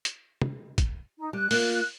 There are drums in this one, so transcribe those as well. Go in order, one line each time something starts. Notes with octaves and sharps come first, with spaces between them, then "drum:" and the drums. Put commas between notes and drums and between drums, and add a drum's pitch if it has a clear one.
drum: hi-hat
drum: tom
drum: kick, hi-hat
D#4
G3 F#6
A#3 F4, drum: open hi-hat